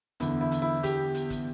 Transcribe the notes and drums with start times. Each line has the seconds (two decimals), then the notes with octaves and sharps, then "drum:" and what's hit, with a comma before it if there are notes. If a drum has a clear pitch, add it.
0.20 E2 D3 E4, drum: hi-hat
0.41 E4
0.51 drum: hi-hat
0.62 E4
0.83 G4, drum: hi-hat
1.14 drum: hi-hat
1.30 drum: kick, hi-hat